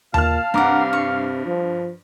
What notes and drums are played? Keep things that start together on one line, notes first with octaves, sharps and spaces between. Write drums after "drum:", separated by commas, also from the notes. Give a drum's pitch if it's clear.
A#2 F5 A5 F6, drum: tom D#2
G2 C3 A#4 F#5 D6
C#6
F3